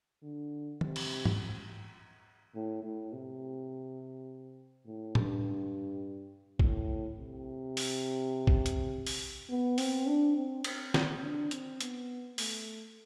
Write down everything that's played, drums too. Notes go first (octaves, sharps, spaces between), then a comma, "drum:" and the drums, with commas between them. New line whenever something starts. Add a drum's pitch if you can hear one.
D3
C3, drum: tom
drum: cymbal
drum: tom G#2
A2
A2
C3
A2
G2, drum: tom A2
A2, drum: kick
C3
drum: open hi-hat
drum: kick
drum: hi-hat
drum: open hi-hat
B3
C4, drum: open hi-hat
D4
C4
C4, drum: cymbal
C4, drum: snare
D4
C4, drum: hi-hat
B3, drum: hi-hat
A3, drum: open hi-hat